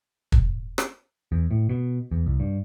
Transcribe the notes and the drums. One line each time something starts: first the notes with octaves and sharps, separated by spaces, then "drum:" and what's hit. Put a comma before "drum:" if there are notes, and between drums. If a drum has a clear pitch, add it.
drum: kick
drum: rim click
E2
A2
B2
E2
C2
G2